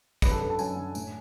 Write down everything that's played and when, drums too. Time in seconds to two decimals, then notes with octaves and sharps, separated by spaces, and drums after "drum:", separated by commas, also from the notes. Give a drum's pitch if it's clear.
0.22 F#2 B4, drum: kick, tambourine
0.31 A4
0.40 D3 B4
0.50 A5
0.59 F#2 G#5, drum: tambourine
0.77 D3
0.95 A2, drum: tambourine